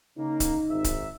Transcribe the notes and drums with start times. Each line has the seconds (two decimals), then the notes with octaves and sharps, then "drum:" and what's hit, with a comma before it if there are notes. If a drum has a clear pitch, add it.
0.18 C#3 A#3 D#4
0.40 drum: kick, hi-hat
0.69 G#1 G#2 E5
0.84 drum: kick, hi-hat